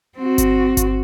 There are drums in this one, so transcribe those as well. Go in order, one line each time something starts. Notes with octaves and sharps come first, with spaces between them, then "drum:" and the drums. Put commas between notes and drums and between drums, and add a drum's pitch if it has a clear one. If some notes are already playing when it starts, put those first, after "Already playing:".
C4 F#4
drum: kick G1, hi-hat
drum: kick G1, hi-hat